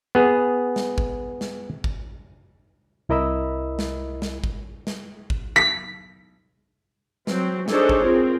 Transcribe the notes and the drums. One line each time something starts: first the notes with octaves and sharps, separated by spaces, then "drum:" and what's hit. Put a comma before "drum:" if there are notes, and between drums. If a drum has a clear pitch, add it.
B3 G#4
drum: snare
drum: kick G#1
drum: snare
drum: kick G#1
C2 E4 A#4 D#5 B5 E6
drum: snare
drum: snare
drum: kick G#1
drum: snare
drum: kick G#1
B6
F#3 C4, drum: snare
D4 D#4 G#4 A4 C5 C#5, drum: snare
drum: kick G#1
C4 F4 G#4 A#4